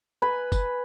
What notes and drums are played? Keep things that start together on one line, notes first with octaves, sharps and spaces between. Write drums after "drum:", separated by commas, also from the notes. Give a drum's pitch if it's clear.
B4 G#5 B5
drum: kick, tambourine